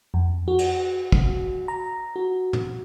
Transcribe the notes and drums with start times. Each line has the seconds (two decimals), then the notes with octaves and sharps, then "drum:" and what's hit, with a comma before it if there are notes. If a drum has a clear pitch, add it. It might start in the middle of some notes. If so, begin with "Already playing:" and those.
0.14 F2
0.48 F#4
0.58 drum: cymbal
1.12 drum: kick
1.68 A#5
2.16 F#4
2.53 drum: tom